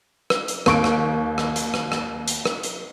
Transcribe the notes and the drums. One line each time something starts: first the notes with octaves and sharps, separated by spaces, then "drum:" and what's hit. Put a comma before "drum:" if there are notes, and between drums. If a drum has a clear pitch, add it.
drum: rim click
drum: hi-hat
D#2 C#6 D7, drum: rim click
drum: rim click
drum: rim click
drum: hi-hat
drum: rim click
drum: rim click
drum: hi-hat
drum: rim click
drum: hi-hat